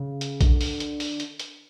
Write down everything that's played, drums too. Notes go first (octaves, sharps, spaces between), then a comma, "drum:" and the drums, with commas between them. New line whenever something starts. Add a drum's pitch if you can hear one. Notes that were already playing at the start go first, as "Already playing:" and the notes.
Already playing: C#3
drum: hi-hat
D3, drum: kick A#1, hi-hat
drum: open hi-hat
drum: hi-hat
drum: open hi-hat
drum: hi-hat
drum: hi-hat